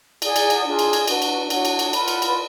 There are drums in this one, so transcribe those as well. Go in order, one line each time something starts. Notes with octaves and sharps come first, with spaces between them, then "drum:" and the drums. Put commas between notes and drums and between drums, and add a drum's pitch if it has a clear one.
G#4 D5 F#5, drum: cymbal
drum: cymbal
drum: cymbal
D4 F4 G#4
drum: cymbal
drum: cymbal
D4 F#4 B4 F#5, drum: cymbal
drum: cymbal
D4 F#4 C#5 F#5, drum: cymbal
drum: cymbal
drum: cymbal
F4 B4 F#5 B5, drum: cymbal
drum: cymbal
drum: cymbal